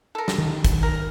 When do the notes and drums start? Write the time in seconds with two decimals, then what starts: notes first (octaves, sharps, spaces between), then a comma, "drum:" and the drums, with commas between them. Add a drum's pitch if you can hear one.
0.15 A4 A#4
0.28 drum: snare
0.38 D#3
0.65 drum: kick, hi-hat
0.83 A#4